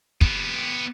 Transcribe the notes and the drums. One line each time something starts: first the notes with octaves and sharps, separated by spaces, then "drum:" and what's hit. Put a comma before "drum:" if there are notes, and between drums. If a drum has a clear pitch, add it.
B3 G4, drum: kick